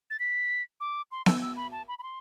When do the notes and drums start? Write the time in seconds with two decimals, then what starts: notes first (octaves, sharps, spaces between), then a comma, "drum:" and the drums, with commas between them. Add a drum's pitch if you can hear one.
0.10 A6
0.19 B6
0.80 D6
1.12 C6
1.26 E6, drum: snare B3
1.42 E6
1.56 B5
1.72 A5
1.88 B5
1.99 B5
2.03 C6